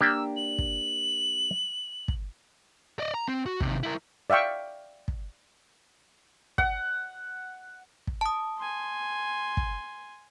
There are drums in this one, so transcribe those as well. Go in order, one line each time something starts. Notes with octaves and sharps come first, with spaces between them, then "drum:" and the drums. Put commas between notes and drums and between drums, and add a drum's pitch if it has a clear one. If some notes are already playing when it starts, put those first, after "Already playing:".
A#3 D4 G4 E6
F#7
drum: kick
drum: kick
D5 D#5
A#5
C4
F#4
C3 D#3, drum: kick
E4 A#4
D5 E5 F5 G5 C#6
drum: kick
F#5, drum: kick
drum: kick
A5 D#6
G#5 C6
drum: kick